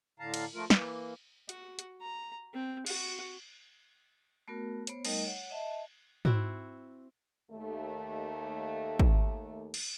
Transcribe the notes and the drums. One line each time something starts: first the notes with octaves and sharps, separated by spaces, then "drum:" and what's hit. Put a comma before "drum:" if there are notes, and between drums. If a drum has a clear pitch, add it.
A2 D3 F5 A5 A#5
drum: cymbal
F3 A3 F4 A#4
E3 A#3, drum: snare
F#4, drum: hi-hat
drum: hi-hat
A#5
C4
F#4, drum: cymbal
A3 B3 F#4 A#4
B3 C5 C#5, drum: hi-hat
G3 A3 D#4 A#4 D#5 G5, drum: cymbal
C#5 F#5
D#5 E5 A5
C4 E4 F#4, drum: tom G#2
D#2 A3
drum: kick
drum: cymbal